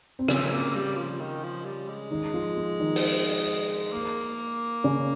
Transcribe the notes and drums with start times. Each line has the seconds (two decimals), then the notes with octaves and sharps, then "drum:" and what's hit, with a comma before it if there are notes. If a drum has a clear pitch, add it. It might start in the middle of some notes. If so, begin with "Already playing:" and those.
0.19 C4
0.28 C#3 F3 C#4, drum: rim click
0.52 A#3
0.75 G3
0.97 F3
1.20 D#3
1.43 F3
1.65 G3
1.88 G#3
2.11 D#3 D#4
2.34 F3 F4
2.56 F3 F4
2.79 D#3 D#4
2.96 drum: open hi-hat
3.93 A#3
4.84 C#3 C#4